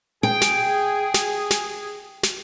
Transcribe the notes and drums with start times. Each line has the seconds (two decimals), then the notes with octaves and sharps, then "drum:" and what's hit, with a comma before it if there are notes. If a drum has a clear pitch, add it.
0.23 G#4 G5
0.41 drum: snare
1.14 drum: snare
1.51 drum: snare
2.23 drum: snare